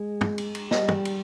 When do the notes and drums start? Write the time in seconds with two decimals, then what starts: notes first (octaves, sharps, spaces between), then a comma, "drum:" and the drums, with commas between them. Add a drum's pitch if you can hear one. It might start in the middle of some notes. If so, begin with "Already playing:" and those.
Already playing: G#3
0.21 drum: tom
0.38 drum: cymbal
0.55 drum: cymbal
0.71 G3 D#5, drum: snare
0.88 drum: tom
1.05 drum: cymbal